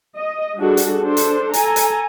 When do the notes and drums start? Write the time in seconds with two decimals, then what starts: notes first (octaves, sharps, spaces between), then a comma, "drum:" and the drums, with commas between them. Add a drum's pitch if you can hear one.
0.16 D#5
0.57 G3 D4 F#4 G#4 A4
0.77 drum: hi-hat
1.02 D4 A4 C5
1.17 drum: hi-hat
1.53 A4 G#5 A#5, drum: hi-hat
1.76 drum: hi-hat